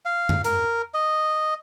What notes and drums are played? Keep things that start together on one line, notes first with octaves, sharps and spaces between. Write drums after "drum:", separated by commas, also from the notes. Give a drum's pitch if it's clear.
F5
drum: tom F2
A#4, drum: hi-hat
D#5